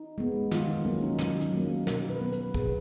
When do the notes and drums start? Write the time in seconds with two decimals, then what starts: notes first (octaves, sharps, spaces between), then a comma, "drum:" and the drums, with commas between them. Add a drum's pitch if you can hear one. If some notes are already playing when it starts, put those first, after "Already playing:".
Already playing: D#4
0.18 G#3 B3
0.51 D#3 F4, drum: snare
0.68 D#4
0.85 F#3 A#3 C#4
1.03 D#4
1.19 D#3 D#4, drum: snare
1.41 C#4, drum: hi-hat
1.53 F#3 A#3
1.65 D#4
1.87 B2 A#4, drum: snare
2.10 B4
2.21 F#3 B3
2.32 B4, drum: hi-hat
2.54 B2 G#4, drum: kick